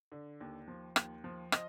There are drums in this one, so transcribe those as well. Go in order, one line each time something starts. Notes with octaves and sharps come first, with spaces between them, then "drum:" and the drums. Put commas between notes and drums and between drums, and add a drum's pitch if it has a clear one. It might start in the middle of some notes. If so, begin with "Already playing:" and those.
D3
D#2
F3
D#2, drum: rim click
F3
F3 D#5, drum: rim click